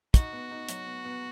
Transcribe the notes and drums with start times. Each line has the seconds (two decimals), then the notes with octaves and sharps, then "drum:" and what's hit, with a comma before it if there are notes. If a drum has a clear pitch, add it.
0.14 D#4 F#4, drum: kick, hi-hat
0.33 B3
0.51 D#4
0.69 F#3, drum: hi-hat
0.86 B3
1.05 B3